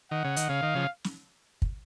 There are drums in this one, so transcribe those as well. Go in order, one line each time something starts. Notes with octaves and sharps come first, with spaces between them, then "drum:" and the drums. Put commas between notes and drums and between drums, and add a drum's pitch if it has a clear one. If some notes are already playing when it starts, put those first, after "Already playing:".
D#3 F#5
C#3
D#3, drum: hi-hat
C#3 F5
D#3
C#3 F3
drum: snare
drum: kick